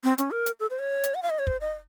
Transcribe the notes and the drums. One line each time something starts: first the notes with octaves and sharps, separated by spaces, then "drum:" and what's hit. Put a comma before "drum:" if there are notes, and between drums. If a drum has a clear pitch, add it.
C4
C#4, drum: hi-hat
A#4
drum: hi-hat
A4
C5
C#5
drum: hi-hat
F#5
F5
D#5
C#5
C5, drum: kick
D#5